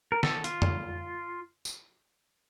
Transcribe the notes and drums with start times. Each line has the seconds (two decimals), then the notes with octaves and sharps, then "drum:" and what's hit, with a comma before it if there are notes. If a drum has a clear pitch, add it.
0.12 A#4
0.23 A4, drum: snare
0.44 F4, drum: hi-hat
0.62 drum: tom
1.65 drum: tambourine